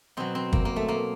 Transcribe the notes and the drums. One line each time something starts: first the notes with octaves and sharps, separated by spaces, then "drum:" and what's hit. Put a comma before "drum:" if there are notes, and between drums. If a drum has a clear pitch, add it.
B2 F#3 C4
C4
A#3, drum: kick
A#3
A3
A#3